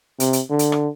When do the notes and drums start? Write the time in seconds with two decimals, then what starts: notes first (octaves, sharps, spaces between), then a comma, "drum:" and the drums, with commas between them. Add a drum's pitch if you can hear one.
0.20 C3, drum: hi-hat
0.33 drum: hi-hat
0.50 D3
0.59 drum: hi-hat
0.72 drum: rim click